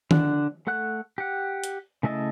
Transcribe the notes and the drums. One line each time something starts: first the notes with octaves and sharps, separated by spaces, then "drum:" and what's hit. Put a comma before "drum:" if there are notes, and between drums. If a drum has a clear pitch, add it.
D3 D4 F#5, drum: tom D#3
A3 A4 F#5 F#6
G4 F#5
drum: hi-hat
C#3 A3 E4 D#5 A5